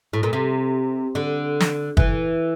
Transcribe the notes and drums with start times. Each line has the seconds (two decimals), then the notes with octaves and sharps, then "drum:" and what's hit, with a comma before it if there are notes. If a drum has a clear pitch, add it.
0.13 A2
0.23 A#2
0.33 C3
1.15 D3
1.60 drum: snare
1.97 E3, drum: kick